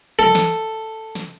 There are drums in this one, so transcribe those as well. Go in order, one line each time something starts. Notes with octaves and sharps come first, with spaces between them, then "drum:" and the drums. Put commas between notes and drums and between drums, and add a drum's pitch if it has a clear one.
A4, drum: tom
drum: snare
drum: snare